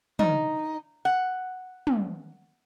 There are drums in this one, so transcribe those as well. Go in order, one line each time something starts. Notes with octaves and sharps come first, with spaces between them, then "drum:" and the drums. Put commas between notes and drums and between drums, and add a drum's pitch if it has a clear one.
D#4, drum: tom
F#5
drum: tom